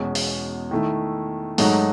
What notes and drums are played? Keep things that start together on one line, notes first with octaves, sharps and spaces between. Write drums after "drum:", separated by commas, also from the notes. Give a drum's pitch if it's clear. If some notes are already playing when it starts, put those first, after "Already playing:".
Already playing: E2 B2 G#3 C#4 F#4
drum: open hi-hat
D#3 A3 E4
G#2 F#3 A3 D#4 F#4, drum: open hi-hat